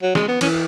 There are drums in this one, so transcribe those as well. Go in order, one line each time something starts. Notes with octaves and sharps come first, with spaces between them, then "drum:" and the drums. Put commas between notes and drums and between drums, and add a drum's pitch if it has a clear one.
F#3
G#3, drum: snare
B3
E3 C#4, drum: cymbal